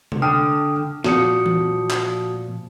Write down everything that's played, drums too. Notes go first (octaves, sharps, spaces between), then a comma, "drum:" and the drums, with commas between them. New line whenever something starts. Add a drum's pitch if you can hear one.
drum: tom C3
D3 G5 D#6 F6
A#2 F3 F#4 D#6 C#7, drum: snare
drum: tom E3
drum: clap